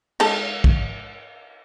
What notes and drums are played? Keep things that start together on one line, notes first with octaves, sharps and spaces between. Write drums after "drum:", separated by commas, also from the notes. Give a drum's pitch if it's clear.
G#3 D#4 A4, drum: cymbal
drum: kick